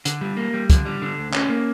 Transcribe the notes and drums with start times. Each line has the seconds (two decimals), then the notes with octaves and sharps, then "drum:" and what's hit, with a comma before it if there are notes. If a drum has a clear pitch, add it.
0.05 D3, drum: hi-hat
0.21 G3
0.37 A#3
0.54 G3
0.70 D3, drum: kick, hi-hat
0.85 G3
1.02 D3
1.18 D2
1.34 C#4, drum: clap
1.49 A#3